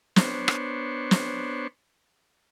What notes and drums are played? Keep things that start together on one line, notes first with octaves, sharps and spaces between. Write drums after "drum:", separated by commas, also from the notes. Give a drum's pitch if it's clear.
B3 D4 C5 C#5, drum: snare
drum: rim click
drum: snare